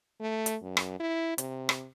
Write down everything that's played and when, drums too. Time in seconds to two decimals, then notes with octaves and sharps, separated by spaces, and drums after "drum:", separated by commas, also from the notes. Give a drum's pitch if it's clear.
0.20 A3
0.46 drum: hi-hat
0.62 F#2
0.77 drum: rim click
1.00 E4
1.38 C3, drum: hi-hat
1.69 drum: rim click